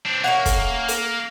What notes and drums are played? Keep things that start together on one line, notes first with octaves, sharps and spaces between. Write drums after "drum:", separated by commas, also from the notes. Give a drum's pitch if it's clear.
C4 D4
A#3 C#4 E5 F#5
drum: kick, hi-hat
drum: hi-hat